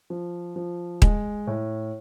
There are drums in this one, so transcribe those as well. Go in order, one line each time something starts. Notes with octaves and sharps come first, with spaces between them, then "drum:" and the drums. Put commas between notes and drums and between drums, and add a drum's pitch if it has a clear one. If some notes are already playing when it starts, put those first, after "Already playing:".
F3
F3
G#3, drum: kick D#1
A2